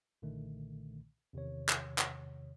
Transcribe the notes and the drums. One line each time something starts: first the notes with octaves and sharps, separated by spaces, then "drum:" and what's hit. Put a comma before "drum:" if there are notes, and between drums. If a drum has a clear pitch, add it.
B1 A#2 D3 D#3 A3
E2 C3 D#3 C#5
drum: clap
drum: clap